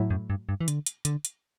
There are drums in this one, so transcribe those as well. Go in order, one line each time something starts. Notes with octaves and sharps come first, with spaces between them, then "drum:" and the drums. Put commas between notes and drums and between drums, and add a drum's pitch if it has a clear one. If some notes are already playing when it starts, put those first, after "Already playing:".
Already playing: A2 F#3 A3 E4
F#2
G2
G2
E3
D3, drum: hi-hat
drum: hi-hat
D3, drum: hi-hat
drum: hi-hat